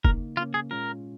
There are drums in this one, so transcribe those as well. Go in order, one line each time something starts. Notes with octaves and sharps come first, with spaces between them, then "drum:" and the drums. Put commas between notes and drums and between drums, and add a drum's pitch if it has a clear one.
C#3 A#3 D#4 A#4, drum: kick
C#3 A#3 C#4 F4
G#4
A#2 G#3 C#4 F4 A#4